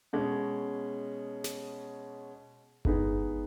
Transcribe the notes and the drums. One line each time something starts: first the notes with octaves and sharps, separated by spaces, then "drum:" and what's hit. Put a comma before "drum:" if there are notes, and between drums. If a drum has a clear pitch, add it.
B2 G#3 C#4
drum: snare
G#3 B3 D#4 G#4, drum: kick G1